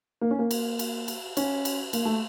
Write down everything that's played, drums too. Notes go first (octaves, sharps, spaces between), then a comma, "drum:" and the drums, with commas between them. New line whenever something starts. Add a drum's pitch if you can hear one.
A#3
C#4
A#3
drum: cymbal
drum: cymbal
drum: cymbal
C#4, drum: cymbal
drum: cymbal
A#3, drum: cymbal
A3